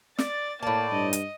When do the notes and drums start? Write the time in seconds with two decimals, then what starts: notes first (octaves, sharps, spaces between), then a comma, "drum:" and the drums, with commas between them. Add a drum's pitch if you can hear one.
0.19 D5 A6, drum: snare
0.63 A2 A#3 D5 A5
0.92 G2 D#5
1.13 drum: hi-hat